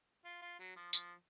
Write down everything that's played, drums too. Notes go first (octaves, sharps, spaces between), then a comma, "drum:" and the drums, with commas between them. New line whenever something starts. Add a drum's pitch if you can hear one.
F4
F4
F#3
F3
F3, drum: tambourine